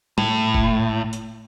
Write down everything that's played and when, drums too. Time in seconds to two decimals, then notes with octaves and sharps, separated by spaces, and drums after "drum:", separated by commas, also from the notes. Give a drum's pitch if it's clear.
0.18 A2, drum: tom
0.54 drum: kick F1
1.13 drum: hi-hat